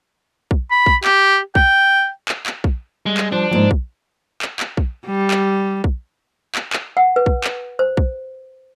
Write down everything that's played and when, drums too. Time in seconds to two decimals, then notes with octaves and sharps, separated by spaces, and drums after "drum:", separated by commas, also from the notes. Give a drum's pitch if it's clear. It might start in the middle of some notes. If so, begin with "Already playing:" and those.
0.51 drum: kick
0.71 B5
0.86 drum: kick
1.04 G4, drum: clap
1.55 G5, drum: kick
2.29 drum: clap
2.46 drum: clap
2.64 drum: kick
3.06 G3 G#3
3.17 drum: clap
3.32 F3 D4
3.51 F2 G#2 F3 A#3
3.71 drum: kick
4.42 drum: clap
4.60 drum: clap
4.77 drum: kick
5.06 G3
5.31 drum: clap
5.84 drum: kick
6.55 drum: clap
6.73 drum: clap
6.97 F#5
7.16 B4
7.26 drum: kick
7.44 drum: clap
7.79 C5
7.97 drum: kick